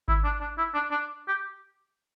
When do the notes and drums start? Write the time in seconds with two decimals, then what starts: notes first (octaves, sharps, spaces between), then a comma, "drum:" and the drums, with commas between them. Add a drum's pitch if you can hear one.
0.08 E4, drum: kick G#1
0.24 D4
0.41 D4
0.58 E4
0.74 D4
0.91 D4
1.28 G4